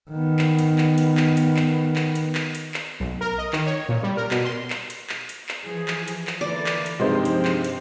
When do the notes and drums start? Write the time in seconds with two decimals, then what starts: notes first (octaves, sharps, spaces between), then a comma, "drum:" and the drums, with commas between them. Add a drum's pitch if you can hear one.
0.11 D#3 B3
0.39 drum: clap
0.58 drum: hi-hat
0.78 drum: clap
0.98 drum: hi-hat
1.17 drum: clap
1.37 drum: hi-hat
1.57 drum: clap
1.96 drum: clap
2.15 drum: hi-hat
2.35 drum: clap
2.55 drum: hi-hat
2.74 drum: clap
3.00 B1
3.21 A#4
3.38 D#5
3.53 D#3, drum: clap
3.66 C#5
3.89 A#2
4.03 G3
4.17 A#4
4.31 B2, drum: clap
4.45 C6
4.70 drum: clap
4.90 drum: hi-hat
5.10 drum: clap
5.29 drum: hi-hat
5.49 drum: clap
5.64 E3 F3 G#4
5.88 drum: clap
6.08 drum: hi-hat
6.27 drum: clap
6.41 D3 E3 A#3 D5
6.66 drum: clap
6.86 drum: hi-hat
6.99 G2 C3 F3 G#3 C4 D#4 C5
7.25 drum: hi-hat
7.45 drum: clap
7.64 drum: hi-hat